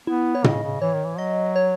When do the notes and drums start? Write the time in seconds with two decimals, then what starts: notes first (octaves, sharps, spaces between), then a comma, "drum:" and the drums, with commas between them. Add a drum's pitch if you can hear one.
0.07 B3 E4
0.35 C#5
0.44 C#3 D#5, drum: tom
0.63 C#3
0.81 E3 C#5
0.93 D#3
1.05 E3
1.18 F#3 D#5
1.56 C#5